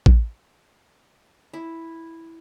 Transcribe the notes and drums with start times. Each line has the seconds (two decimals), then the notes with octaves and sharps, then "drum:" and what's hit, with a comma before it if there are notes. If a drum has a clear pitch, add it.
0.06 drum: kick A1
1.53 E4